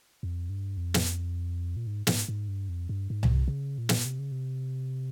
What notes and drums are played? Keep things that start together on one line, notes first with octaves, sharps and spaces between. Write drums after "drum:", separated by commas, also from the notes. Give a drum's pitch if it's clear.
F2
G2
F2
drum: snare
A#2
G#2
G#2, drum: snare
G#2
G2
F2
G2
G#2
A#2, drum: tom C2
C3
C3
C#3
A#2
drum: snare
C3
C#3
C3